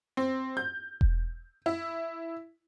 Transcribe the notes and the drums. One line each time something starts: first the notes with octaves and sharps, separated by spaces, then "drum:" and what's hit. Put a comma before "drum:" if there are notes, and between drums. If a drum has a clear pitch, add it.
C4
G6
drum: kick E1
E4